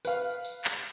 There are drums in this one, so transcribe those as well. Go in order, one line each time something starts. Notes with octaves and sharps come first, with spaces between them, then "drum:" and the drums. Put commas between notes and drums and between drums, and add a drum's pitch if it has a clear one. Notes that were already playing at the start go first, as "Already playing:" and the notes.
B4 F5, drum: tambourine
drum: tambourine
drum: clap